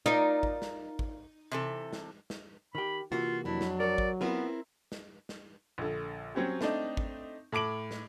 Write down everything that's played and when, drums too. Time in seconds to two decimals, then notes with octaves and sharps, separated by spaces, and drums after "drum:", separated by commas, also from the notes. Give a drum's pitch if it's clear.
0.06 D#4 F4 A#4 D5
0.43 drum: kick G#1
0.62 drum: snare
0.99 drum: kick G#1
1.51 C3 E3 A4
1.93 drum: snare
2.30 drum: snare
2.75 D#3 G4 B5
3.12 C3 E3 A#3 F4 F#4
3.45 F2 F#3 D4 E4
3.61 drum: snare
3.80 A#4 C#5 D5
3.98 drum: kick G#1
4.21 B3 C4 E4 F4 G#4 A#4 B4
4.92 drum: snare
5.29 drum: snare
5.78 A#1 D3
6.35 F#3 C4 C#4 G4
6.61 A3 C4 D4 D#4, drum: snare
6.97 drum: kick G#1
7.52 A2 A5 D6 D7 F#7
7.91 drum: snare